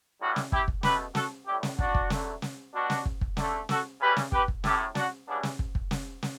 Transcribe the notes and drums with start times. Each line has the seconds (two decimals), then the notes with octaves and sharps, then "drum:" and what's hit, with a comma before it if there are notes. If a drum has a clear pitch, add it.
0.20 A2 E3 G3 D4 F#4
0.36 drum: snare
0.52 E4 G4, drum: kick
0.68 drum: kick
0.83 B2 A3 G4 B4, drum: snare
1.15 F#4 A4, drum: snare
1.47 A2 G3 E4 G4
1.63 drum: snare
1.79 D4 F#4, drum: kick
1.95 drum: kick
2.10 D3 F#3 A3, drum: snare
2.42 drum: snare
2.73 B2 G3 D4 F#4
2.90 drum: snare
3.06 drum: kick
3.21 drum: kick
3.37 D3 A3, drum: snare
3.69 F#4 A4, drum: snare
4.00 C#3 E3 G3 G4 B4
4.16 drum: snare
4.32 G4 B4, drum: kick
4.48 drum: kick
4.64 A2 F#3 A3 E4 G4, drum: snare
4.95 D4 F#4, drum: snare
5.27 C#3 E3 G3 B3 D4
5.43 drum: snare
5.59 drum: kick
5.75 drum: kick
5.91 drum: snare
6.23 drum: snare